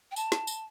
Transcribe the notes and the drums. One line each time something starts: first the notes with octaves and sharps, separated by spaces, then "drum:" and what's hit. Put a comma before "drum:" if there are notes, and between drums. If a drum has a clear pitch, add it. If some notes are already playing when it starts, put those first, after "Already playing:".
G5
A5, drum: tambourine
drum: snare
drum: tambourine